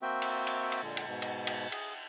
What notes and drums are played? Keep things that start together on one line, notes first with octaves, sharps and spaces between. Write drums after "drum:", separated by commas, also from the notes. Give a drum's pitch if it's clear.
A#3 C4 F#4 E5 G5
drum: cymbal
drum: cymbal
drum: cymbal
A#2 D3 G#3
drum: cymbal
G#2 B2
drum: cymbal
drum: cymbal
G#4, drum: cymbal